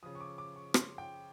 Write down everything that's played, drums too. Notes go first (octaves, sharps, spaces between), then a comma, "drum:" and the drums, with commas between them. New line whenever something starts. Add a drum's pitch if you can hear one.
C#3 F3 D#6
C#6
D6
D6
C#6
C6, drum: rim click
G5